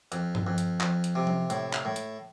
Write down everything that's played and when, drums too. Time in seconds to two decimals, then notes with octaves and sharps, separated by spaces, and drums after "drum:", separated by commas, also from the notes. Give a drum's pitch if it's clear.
0.12 F2, drum: hi-hat
0.35 drum: tom G2
0.47 F2
0.58 drum: hi-hat
0.80 F2, drum: clap
1.04 drum: hi-hat
1.15 C3
1.27 drum: tom F3
1.50 A2, drum: hi-hat
1.73 drum: clap
1.85 A2
1.96 drum: hi-hat